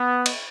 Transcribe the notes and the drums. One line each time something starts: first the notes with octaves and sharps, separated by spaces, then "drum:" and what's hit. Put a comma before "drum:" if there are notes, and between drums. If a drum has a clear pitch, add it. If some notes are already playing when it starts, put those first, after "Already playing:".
Already playing: B3
drum: cymbal